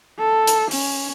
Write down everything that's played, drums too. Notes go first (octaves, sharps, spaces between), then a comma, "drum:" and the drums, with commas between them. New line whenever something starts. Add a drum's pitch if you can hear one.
A4
drum: hi-hat
C#4, drum: open hi-hat